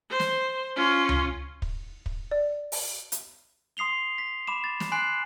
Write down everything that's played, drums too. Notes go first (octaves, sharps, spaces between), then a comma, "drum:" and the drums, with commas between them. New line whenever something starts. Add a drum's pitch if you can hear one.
C5
drum: snare
C#4 F4
drum: tom C#2
drum: kick
drum: kick
D5
drum: open hi-hat
drum: hi-hat
C6 D#6 C7 F7 G7
B6
B5 D6 E7
A6
drum: snare
G#5 C6 F#6 C7